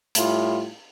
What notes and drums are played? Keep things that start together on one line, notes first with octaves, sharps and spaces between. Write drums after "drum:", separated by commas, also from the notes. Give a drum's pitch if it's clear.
A2 G3 F4, drum: hi-hat